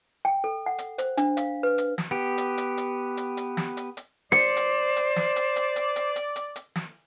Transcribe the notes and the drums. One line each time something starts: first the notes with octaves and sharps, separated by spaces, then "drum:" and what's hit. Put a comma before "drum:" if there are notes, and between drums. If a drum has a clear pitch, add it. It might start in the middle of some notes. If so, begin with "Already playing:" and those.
G5
A4
F#5
drum: hi-hat
C5, drum: hi-hat
D4, drum: hi-hat
F5, drum: hi-hat
B4
drum: hi-hat
drum: snare
B3 G4
drum: hi-hat
drum: hi-hat
drum: hi-hat
drum: hi-hat
drum: hi-hat
drum: snare
drum: hi-hat
drum: hi-hat
C5 D5 C#7
drum: hi-hat
drum: hi-hat
drum: snare
drum: hi-hat
drum: hi-hat
drum: hi-hat
drum: hi-hat
drum: hi-hat
drum: hi-hat
drum: hi-hat
drum: snare